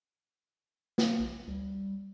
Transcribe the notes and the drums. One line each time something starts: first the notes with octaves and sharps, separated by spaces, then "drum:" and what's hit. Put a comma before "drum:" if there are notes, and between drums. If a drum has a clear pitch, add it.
drum: snare
A#1
D2 G3